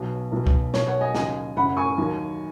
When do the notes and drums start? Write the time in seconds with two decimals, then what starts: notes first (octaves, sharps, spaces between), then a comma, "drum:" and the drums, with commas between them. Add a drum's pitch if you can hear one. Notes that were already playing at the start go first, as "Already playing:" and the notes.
Already playing: B1 B2 F#3
0.32 B1 B2 F#3
0.47 drum: kick C2
0.74 B1 B2 F#3 C#5, drum: snare
0.87 C#5 F#5
1.01 D#5 G#5
1.15 D#2 C#3 F#3 D#5 G#5, drum: snare
1.56 F#1 F#2 C#3 F#5 B5
1.77 G#5 C#6
1.98 D#2 D#3 F#3